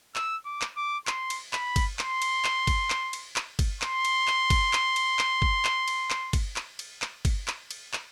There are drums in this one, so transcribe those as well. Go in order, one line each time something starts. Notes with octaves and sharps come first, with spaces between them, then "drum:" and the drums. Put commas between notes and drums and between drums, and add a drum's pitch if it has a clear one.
E6, drum: clap
D6
drum: clap
D6
C6, drum: clap
drum: cymbal
B5, drum: clap
drum: kick G1, cymbal
C6, drum: clap
drum: cymbal
drum: clap
drum: kick G1, cymbal
drum: clap
drum: cymbal
drum: clap
drum: kick G1, cymbal
C6, drum: clap
drum: cymbal
drum: clap
drum: kick G1, cymbal
drum: clap
drum: cymbal
drum: clap
drum: kick G1
drum: clap
drum: cymbal
drum: clap
drum: kick G1, cymbal
drum: clap
drum: cymbal
drum: clap
drum: kick G1, cymbal
drum: clap
drum: cymbal
drum: clap